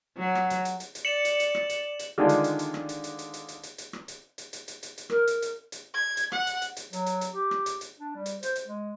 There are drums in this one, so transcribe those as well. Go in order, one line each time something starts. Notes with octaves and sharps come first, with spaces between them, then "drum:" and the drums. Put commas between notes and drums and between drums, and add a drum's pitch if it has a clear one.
F#3
drum: rim click
drum: hi-hat
drum: hi-hat
drum: hi-hat
drum: hi-hat
D5 C#7 E7 F#7
drum: hi-hat
drum: hi-hat
drum: rim click
drum: hi-hat
drum: hi-hat
D3 D#3 G#3 D4 F4
drum: hi-hat
drum: hi-hat
drum: hi-hat
drum: rim click
drum: hi-hat
drum: hi-hat
drum: hi-hat
drum: hi-hat
drum: hi-hat
drum: hi-hat
drum: hi-hat
drum: rim click
drum: hi-hat
drum: hi-hat
drum: hi-hat
drum: hi-hat
drum: hi-hat
drum: hi-hat
A#4, drum: rim click
drum: hi-hat
drum: hi-hat
drum: hi-hat
G#6
drum: hi-hat
F#5, drum: rim click
drum: hi-hat
drum: hi-hat
drum: hi-hat
F#3, drum: hi-hat
drum: hi-hat
drum: hi-hat
G4
drum: rim click
drum: hi-hat
drum: hi-hat
D4
G3
drum: hi-hat
C5, drum: hi-hat
drum: hi-hat
G#3